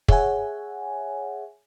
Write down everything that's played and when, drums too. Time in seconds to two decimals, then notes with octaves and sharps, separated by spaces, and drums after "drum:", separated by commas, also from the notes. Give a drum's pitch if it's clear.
0.08 G#4 C#5 E5 F#5 G#5, drum: kick